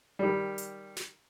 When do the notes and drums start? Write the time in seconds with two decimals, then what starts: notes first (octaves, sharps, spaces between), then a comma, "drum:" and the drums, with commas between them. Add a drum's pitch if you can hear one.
0.19 D#3 G3
0.58 drum: hi-hat
0.97 drum: snare